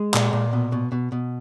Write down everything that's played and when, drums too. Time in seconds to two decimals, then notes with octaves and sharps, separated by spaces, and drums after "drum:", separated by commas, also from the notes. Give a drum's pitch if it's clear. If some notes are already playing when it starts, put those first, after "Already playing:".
Already playing: G#3
0.14 A#2, drum: clap
0.33 A#2
0.53 B2
0.72 B2
0.92 B2
1.12 B2